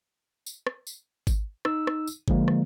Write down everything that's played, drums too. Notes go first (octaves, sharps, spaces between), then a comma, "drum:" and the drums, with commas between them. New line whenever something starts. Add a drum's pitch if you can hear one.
drum: tambourine
drum: rim click
drum: tambourine
drum: kick G#1, tambourine
D#4 E6, drum: rim click
drum: rim click
drum: tambourine
D3 F3 G#3 A#3, drum: kick G#1
drum: rim click